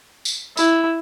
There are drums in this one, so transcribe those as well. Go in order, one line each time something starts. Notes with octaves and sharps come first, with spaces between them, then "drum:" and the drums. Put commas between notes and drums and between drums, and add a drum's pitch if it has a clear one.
drum: tambourine
E4, drum: tambourine